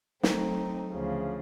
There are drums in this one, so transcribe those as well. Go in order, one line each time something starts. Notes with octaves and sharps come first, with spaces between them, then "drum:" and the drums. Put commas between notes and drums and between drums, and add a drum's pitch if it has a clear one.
F#3 A3 C4 D#4, drum: snare
D2 C#3 F3